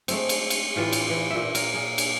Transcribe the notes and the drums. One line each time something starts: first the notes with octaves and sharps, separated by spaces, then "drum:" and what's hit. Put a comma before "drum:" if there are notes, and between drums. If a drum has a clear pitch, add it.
G#3 A3 C4, drum: cymbal
drum: cymbal
drum: cymbal
A2 E3 F4 G4
drum: cymbal
E3
A#2 E5
A#4, drum: cymbal
G#4 A#4
drum: cymbal